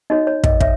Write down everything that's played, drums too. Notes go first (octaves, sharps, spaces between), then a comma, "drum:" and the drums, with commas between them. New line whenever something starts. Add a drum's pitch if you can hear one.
D#4 F#4 C#5 D#5
C#5
D#5, drum: kick
C#5 E5, drum: kick